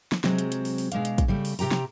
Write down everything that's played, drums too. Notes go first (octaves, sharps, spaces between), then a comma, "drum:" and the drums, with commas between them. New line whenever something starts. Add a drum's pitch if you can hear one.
drum: snare
C3 F#3 G#3 C4, drum: snare
drum: hi-hat
drum: hi-hat
drum: open hi-hat
drum: open hi-hat
B2 G#3 D4 F5, drum: hi-hat
drum: hi-hat
drum: kick, hi-hat
C#3 G3 A3
drum: open hi-hat
C3 G4 G5 A#5, drum: open hi-hat
drum: snare